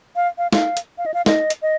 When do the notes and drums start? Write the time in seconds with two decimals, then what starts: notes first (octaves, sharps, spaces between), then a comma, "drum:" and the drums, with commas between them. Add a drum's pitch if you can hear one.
0.16 F5
0.38 F5
0.53 F5, drum: snare
0.77 drum: hi-hat
0.98 F5
1.06 D#5
1.14 F5
1.26 D#5, drum: snare
1.50 drum: hi-hat
1.62 D#5